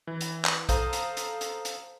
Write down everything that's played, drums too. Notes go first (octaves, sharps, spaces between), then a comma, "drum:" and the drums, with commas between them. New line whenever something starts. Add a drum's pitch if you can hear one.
E3
drum: hi-hat
drum: clap
A4 C5 F5 A#5 D#6 G6, drum: kick, hi-hat
drum: hi-hat
drum: hi-hat
drum: hi-hat
drum: hi-hat